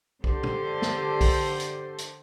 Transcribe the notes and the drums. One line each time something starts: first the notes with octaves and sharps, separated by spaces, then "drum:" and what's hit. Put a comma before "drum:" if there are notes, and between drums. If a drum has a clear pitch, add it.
D3 G4 A4 C5, drum: kick B1
drum: tom
drum: snare
drum: kick B1, open hi-hat
drum: hi-hat
drum: hi-hat